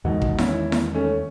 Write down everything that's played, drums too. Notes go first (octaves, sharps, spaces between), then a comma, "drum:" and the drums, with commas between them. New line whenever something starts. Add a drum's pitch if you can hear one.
E2 D#3 G#3 D#4 F#4
drum: kick
C#4 E4, drum: snare E4
drum: snare E4
A3 C#4